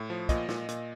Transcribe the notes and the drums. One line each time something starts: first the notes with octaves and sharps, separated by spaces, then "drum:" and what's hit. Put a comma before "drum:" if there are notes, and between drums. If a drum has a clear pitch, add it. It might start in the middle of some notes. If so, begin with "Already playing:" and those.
Already playing: A2
F3
A#2 D#5, drum: kick, hi-hat
A#2, drum: snare
A#2, drum: hi-hat